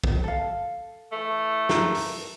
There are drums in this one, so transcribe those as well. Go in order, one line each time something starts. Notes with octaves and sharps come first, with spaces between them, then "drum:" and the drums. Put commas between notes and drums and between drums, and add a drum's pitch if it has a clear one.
drum: kick
A4 F5
E3 A3
A#4, drum: snare
drum: open hi-hat